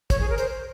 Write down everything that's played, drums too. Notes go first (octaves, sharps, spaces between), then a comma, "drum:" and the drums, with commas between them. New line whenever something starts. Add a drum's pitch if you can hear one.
C#5, drum: kick, hi-hat
G#4
A#4
C5, drum: hi-hat